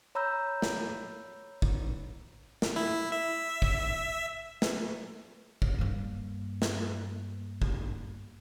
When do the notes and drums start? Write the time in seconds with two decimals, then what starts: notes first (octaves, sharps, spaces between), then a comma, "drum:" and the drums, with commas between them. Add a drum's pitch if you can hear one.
0.15 C#5 A#5 B5 E6 G6
0.62 drum: snare
1.62 drum: kick
2.62 drum: snare
2.76 E4
3.12 E5
3.62 drum: kick
4.62 drum: snare
5.62 drum: kick
5.79 G2 A#3
6.62 drum: snare
7.62 drum: kick